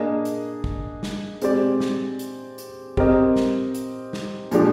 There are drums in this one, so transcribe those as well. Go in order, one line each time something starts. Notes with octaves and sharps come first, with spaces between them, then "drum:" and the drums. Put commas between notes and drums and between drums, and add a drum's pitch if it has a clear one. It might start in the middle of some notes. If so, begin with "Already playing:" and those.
Already playing: A#3 D4 G#4 D#5
drum: hi-hat
drum: kick
drum: snare
G#3 C4 G4 D5, drum: hi-hat
drum: snare
drum: hi-hat
drum: hi-hat
C4 G4 A#4 D#5, drum: kick
drum: snare
drum: hi-hat
drum: snare
A#2 F3 G#3 D4 G4, drum: hi-hat